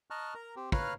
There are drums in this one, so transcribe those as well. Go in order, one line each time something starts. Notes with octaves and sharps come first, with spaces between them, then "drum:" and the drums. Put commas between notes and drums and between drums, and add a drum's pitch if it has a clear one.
D#5 A5 A#5 C#6 F6 F#6
A#4 A#5
C4 G4
B4 C#5 F5 A#5 F6 F#6, drum: kick